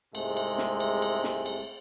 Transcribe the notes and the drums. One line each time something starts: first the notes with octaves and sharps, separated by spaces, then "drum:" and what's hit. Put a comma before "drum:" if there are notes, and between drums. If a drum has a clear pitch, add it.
C2 G#2 C3 G#3 A3, drum: cymbal
drum: cymbal
drum: snare
drum: cymbal
drum: cymbal
drum: snare
drum: cymbal